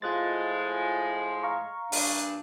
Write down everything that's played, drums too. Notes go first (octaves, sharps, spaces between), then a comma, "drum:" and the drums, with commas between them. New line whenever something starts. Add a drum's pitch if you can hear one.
A2 F3 G#3 F4 F#6 A6
F5 A#5 C#6
G2 A#2 D4, drum: open hi-hat